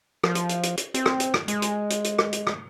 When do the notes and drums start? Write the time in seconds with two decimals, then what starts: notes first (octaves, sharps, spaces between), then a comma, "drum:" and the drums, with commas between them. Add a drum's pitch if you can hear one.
0.24 F3, drum: rim click
0.35 drum: hi-hat
0.49 drum: hi-hat
0.63 drum: hi-hat
0.77 drum: hi-hat
0.94 C4, drum: hi-hat
1.06 drum: rim click
1.20 drum: hi-hat
1.34 drum: rim click
1.48 G#3, drum: hi-hat
1.62 drum: hi-hat
1.90 drum: hi-hat
2.04 drum: hi-hat
2.18 drum: rim click
2.33 drum: hi-hat
2.47 drum: rim click